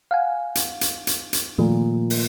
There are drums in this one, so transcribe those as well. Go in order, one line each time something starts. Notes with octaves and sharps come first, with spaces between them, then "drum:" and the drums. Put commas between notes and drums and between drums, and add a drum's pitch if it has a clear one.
F5 F#5 G#5
drum: hi-hat
drum: hi-hat
drum: hi-hat
drum: hi-hat
A#2 D#3 F3 A3
drum: open hi-hat